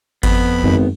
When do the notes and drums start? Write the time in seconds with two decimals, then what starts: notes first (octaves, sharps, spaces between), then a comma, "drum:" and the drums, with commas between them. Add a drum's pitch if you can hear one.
0.23 F2 B3 B5, drum: kick G1, cymbal
0.63 G#1 F#2